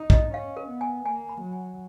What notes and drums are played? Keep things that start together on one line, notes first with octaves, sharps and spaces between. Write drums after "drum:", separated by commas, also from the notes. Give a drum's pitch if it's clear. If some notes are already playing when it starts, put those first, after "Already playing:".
Already playing: D#4
D#5, drum: kick
C#4 F5
A#4
B3
G#5
A#3 G#5
B5
F#3
G#5